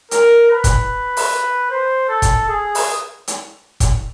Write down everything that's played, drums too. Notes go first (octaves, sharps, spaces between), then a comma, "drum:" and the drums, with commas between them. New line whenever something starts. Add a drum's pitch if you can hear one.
A#4, drum: hi-hat
B4
drum: kick, hi-hat
drum: open hi-hat
C5
A4
drum: kick, hi-hat
G#4
drum: open hi-hat
drum: hi-hat
drum: kick, hi-hat